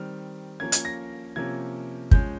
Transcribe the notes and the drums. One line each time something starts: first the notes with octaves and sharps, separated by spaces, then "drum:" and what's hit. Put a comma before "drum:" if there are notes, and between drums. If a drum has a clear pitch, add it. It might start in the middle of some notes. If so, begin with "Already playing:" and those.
Already playing: D#3 G3 C4 F6
F3 A#3 C#4 G#6
G#6, drum: hi-hat
A#6
C3 F3 A#3 C#4 G#6
F3 G#3 C#4 G6, drum: kick